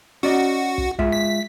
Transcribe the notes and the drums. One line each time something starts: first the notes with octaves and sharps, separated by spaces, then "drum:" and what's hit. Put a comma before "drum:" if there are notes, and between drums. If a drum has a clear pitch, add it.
C#4 F#4 D5 D#5
drum: kick
G#3 F4 E5, drum: kick
B6